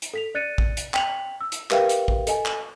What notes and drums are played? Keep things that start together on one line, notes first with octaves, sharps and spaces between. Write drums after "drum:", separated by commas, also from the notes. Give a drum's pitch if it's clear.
drum: hi-hat
A4 B6 F7
D5 F#6 A6 C#7 D#7
drum: kick
drum: hi-hat
G5 B6 F7 F#7, drum: clap
E6
drum: hi-hat
G4 A#4 B4 E5 F5 G5, drum: clap
drum: hi-hat
drum: kick
A4 D#5 G#5, drum: hi-hat
drum: clap